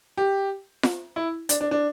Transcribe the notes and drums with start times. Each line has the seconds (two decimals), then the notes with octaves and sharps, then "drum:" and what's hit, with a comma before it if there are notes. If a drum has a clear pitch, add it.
0.17 G4
0.83 drum: snare F4
1.16 E4
1.49 D4, drum: hi-hat
1.61 D4
1.71 D4